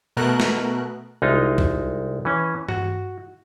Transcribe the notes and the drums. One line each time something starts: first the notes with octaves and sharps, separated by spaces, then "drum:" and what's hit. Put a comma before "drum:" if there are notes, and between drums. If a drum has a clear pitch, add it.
B2 A3 A#4 F#6
drum: snare
C2 G#3 D#4 F4
drum: kick C2
E3 C#4
F#4, drum: tom G2